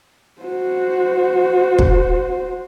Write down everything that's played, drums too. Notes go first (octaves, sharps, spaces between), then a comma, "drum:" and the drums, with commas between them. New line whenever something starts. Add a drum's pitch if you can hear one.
F#4 C5
drum: kick